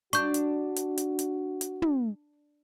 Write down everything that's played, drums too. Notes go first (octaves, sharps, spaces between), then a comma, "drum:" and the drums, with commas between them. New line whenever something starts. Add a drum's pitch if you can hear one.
D4 F#4 C#6 G6, drum: hi-hat
drum: hi-hat
drum: hi-hat
drum: hi-hat
drum: hi-hat
drum: hi-hat
drum: tom